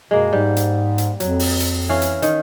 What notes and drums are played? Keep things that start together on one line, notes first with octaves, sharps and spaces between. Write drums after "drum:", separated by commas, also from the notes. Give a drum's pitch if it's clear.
F#2 B2 G#3 A#3
G#2 G3
drum: hi-hat
drum: hi-hat
F2 F#3, drum: hi-hat
drum: open hi-hat
drum: hi-hat
E3 C#4 F5
drum: hi-hat
D#3, drum: hi-hat